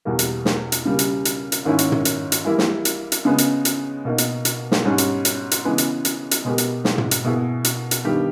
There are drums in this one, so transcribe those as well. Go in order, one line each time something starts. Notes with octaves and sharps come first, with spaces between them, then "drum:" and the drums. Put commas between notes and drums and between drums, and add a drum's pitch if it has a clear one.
E2 B2 G3 A#3
drum: hi-hat
drum: snare
drum: hi-hat
C#3 G3 A#3
drum: hi-hat
drum: hi-hat
drum: hi-hat
G#2 D#3 A#3 C#4 E4
drum: hi-hat
drum: tom
drum: hi-hat
drum: hi-hat
E3 G3 A#3 E4
drum: snare
drum: hi-hat
drum: hi-hat
C#3 G#3 B3
drum: hi-hat
drum: hi-hat
B2 A#3 D#4
drum: hi-hat
drum: hi-hat
drum: snare
G#2 G3 C#4
drum: hi-hat
drum: hi-hat
drum: hi-hat
C#3 E3 G#3 B3
drum: hi-hat
drum: hi-hat
drum: hi-hat
B2 G#3 B3 G4 A#4
drum: hi-hat
drum: snare
drum: tom
drum: hi-hat
B2 A#3 E4 G#4 B4
drum: hi-hat
drum: hi-hat
G2 D#3 G3 B3 G4